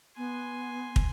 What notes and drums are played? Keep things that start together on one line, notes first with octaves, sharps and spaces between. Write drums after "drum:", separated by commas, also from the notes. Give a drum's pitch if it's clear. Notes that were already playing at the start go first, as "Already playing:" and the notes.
B3 G#5 C6
drum: kick